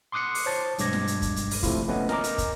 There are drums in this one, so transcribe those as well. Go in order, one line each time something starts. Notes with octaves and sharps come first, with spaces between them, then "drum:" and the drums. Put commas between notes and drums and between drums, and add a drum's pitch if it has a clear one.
C6 D6 D#6 F#6 C7 C#7
drum: open hi-hat
C5 C#5 A5 A6
B1 G2 G#3 D6 G#6 A#6, drum: hi-hat
drum: snare
drum: hi-hat
drum: kick, hi-hat
drum: hi-hat
drum: open hi-hat
C3 F3 A3 E4 F4, drum: kick, hi-hat
A3 B3 C#4 B4 D#5 G#5
A#4 D#5 G#5 A#5 D6, drum: snare
drum: hi-hat
drum: kick, hi-hat